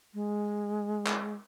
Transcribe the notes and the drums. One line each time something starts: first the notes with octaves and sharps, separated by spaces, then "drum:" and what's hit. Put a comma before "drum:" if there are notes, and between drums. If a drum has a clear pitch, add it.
G#3
drum: clap